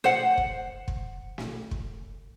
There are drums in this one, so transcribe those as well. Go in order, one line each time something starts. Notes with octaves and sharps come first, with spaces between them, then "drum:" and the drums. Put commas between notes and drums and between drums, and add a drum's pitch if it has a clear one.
C5 F#5, drum: snare
drum: kick
drum: kick
drum: snare
drum: kick